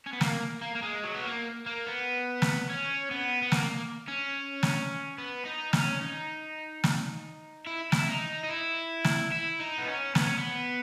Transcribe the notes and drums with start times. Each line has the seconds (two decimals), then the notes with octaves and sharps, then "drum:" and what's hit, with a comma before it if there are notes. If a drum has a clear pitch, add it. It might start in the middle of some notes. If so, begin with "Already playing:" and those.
0.06 C#4
0.13 B3
0.21 A#3, drum: snare
0.62 A#3
0.75 A#3
0.83 G#3
1.03 F#3
1.14 B3
1.24 A#3
1.66 A#3
1.86 B3
2.42 drum: snare
2.70 C#4
3.11 B3
3.42 B3
3.52 A#3, drum: snare
4.08 C#4
4.63 drum: snare
5.18 B3
5.45 D#4
5.73 C#4, drum: snare
6.01 D#4
6.84 drum: snare
7.67 E4
7.92 E4, drum: snare
8.08 D#4
8.44 D#4
8.50 E4
9.04 drum: snare
9.31 E4
9.60 D#4
9.78 B3
9.88 C#4
10.15 B3, drum: snare
10.27 C#4
10.39 B3